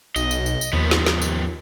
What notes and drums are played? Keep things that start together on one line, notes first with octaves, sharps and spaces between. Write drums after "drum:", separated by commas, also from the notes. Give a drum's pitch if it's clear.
B1 D#5, drum: tambourine
drum: tambourine
drum: tambourine
drum: tambourine
D#2 F3 B3
drum: snare
drum: snare
drum: tambourine